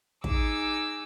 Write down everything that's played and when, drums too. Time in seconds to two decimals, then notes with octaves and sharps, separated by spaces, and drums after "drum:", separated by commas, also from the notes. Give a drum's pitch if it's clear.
0.24 D#4 G#4 D6 E6, drum: kick